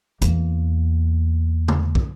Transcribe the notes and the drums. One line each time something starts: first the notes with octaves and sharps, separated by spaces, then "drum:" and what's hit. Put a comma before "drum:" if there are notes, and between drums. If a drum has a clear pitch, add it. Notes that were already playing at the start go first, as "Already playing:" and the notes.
E2 A#3, drum: hi-hat
drum: tom
drum: kick